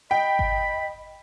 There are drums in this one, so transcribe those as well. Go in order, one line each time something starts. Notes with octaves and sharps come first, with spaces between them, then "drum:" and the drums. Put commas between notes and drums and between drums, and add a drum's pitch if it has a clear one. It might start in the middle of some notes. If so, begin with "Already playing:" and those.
D#5 G5 B5
drum: kick G#1